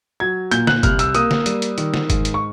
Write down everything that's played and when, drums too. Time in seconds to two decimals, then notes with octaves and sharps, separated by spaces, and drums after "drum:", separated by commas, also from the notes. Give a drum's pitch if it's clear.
0.20 F#3 G#6
0.51 A#2 G6, drum: hi-hat
0.67 F#6, drum: snare
0.83 C2 F6, drum: kick F#1, hi-hat
0.99 E6, drum: hi-hat
1.15 A#3 D#6, drum: hi-hat
1.31 drum: snare
1.46 G3, drum: hi-hat
1.62 drum: hi-hat
1.78 D#3, drum: hi-hat
1.94 drum: snare
2.10 G#2, drum: kick F#1, hi-hat
2.25 drum: hi-hat
2.34 C#6